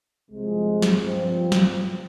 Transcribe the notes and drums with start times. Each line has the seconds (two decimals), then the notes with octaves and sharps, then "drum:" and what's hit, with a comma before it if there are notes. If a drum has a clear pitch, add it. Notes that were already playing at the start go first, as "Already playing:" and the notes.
0.30 C2 C3 F3 G#3
0.82 drum: snare
0.99 G2 F3 C4
1.52 drum: snare